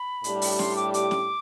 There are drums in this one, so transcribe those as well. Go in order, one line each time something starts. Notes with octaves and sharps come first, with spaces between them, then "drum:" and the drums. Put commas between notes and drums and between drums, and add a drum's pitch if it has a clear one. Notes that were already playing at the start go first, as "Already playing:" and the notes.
Already playing: B5
A2 G3 D4 G4, drum: hi-hat
drum: open hi-hat
C6, drum: snare C#4
D6
D6, drum: hi-hat
drum: snare C#4